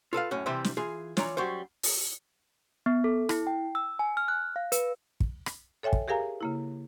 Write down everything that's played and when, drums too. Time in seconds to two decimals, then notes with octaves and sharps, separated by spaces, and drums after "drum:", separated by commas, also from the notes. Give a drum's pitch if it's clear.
0.13 F4 A4 B4 F5
0.31 F#2 A2 C#4
0.46 C3 E3 G3 G4 C5 E5
0.64 drum: snare
0.77 E3 F4 G#4
1.17 E3 F4 C#5 D5 A#5, drum: snare
1.37 F#3 G3 C#4 C5
1.83 drum: open hi-hat
2.86 B3
3.04 A4
3.29 E4, drum: rim click
3.47 G5
3.75 E6
3.99 G#5
4.17 F6
4.28 F#6
4.56 F5
4.72 B4, drum: hi-hat
5.20 drum: kick
5.46 drum: rim click
5.83 A4 C#5 E5 G5 G#5
5.93 drum: kick
6.08 G4 G#4 A#4 F5 G#5 A#5
6.41 C#3 A#3 E4